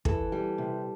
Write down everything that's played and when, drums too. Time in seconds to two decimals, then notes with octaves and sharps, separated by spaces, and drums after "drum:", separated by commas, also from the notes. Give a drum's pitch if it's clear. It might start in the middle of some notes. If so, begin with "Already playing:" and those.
0.05 E3 A4, drum: kick
0.32 G3
0.58 C3